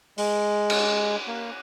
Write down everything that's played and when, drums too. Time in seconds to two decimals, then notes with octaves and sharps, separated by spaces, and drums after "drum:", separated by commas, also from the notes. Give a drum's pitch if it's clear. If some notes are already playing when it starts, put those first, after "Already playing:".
0.18 G#3, drum: open hi-hat
0.70 drum: cymbal
1.27 A#3